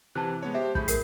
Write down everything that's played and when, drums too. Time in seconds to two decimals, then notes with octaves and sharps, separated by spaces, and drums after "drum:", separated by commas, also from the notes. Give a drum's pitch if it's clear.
0.15 C3 E3 A5 F#6
0.43 G#3 B3 C#5
0.54 G4 C5 E5
0.75 A2 G#4 B5 G6, drum: kick
0.88 A#4 C7, drum: hi-hat